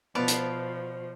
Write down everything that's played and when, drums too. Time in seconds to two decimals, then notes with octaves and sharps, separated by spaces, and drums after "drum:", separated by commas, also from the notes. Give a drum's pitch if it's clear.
0.15 B2 F3 B3 C5 D5 F5 A5
0.28 drum: hi-hat